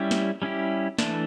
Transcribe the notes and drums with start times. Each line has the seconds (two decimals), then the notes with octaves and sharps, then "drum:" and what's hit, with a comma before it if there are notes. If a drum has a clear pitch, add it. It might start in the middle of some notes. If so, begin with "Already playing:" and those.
Already playing: G3 C#4 E4 G4
0.11 drum: snare
0.42 G3 C#4 E4 G4
0.99 E3 A3 D4, drum: snare